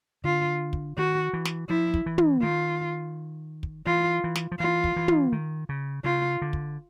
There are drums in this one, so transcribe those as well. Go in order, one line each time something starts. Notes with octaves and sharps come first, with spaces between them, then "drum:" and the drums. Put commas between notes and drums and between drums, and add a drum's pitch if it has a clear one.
D3 F4
drum: kick
D#3 F#4
E3
drum: snare
F3 E4
drum: kick
E3
drum: tom
D#3 F4
drum: kick
E3 F4
E3
drum: snare
F3
E3 F4
drum: kick
E3
drum: tom
D#3
C#3
C#3 F4
D3
drum: kick